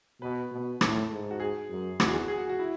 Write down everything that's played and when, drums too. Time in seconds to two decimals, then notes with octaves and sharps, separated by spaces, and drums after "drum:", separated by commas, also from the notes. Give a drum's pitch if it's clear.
0.21 B2 B4
0.51 B2
0.81 A2 A4, drum: rim click
1.10 G#2
1.31 F#4
1.40 G#4
1.70 F#2
2.00 E2 F#4, drum: rim click
2.09 G#4
2.18 F#4
2.28 G#4
2.38 F#4
2.50 F#4
2.59 E4